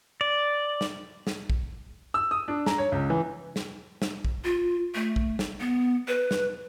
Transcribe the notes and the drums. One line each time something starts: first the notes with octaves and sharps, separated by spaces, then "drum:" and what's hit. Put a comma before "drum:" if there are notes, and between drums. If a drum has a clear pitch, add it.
D5
drum: snare
drum: snare
drum: kick
E6
D#6
D4
A#5, drum: snare
C#5
C#2
E3
drum: snare
drum: snare
drum: kick
F4
A3
drum: kick
drum: snare
B3
B4
drum: snare